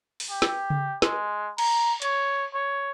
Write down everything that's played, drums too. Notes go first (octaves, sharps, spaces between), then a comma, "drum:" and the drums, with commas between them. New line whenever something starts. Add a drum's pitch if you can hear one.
drum: open hi-hat
G4
drum: snare
drum: tom C#3
G#3, drum: snare
A#5, drum: cymbal
C#5, drum: hi-hat
C#5